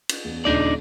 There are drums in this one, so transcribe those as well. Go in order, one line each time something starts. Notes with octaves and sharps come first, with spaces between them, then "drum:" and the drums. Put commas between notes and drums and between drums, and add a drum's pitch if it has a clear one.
drum: cymbal
E2
D#1 C#3 D4 D#4 D5